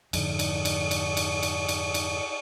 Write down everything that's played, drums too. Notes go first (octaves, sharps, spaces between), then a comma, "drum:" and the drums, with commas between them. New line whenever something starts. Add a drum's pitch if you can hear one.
F2 G#2 D3, drum: cymbal
drum: cymbal
drum: cymbal
drum: cymbal
drum: cymbal
drum: cymbal
drum: cymbal
drum: cymbal